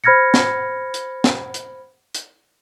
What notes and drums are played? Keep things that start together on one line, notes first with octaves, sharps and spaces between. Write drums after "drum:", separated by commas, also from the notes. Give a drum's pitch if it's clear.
C5 B5 F6 G#6 A#6 C#7
drum: snare
drum: hi-hat
drum: snare
drum: hi-hat
drum: hi-hat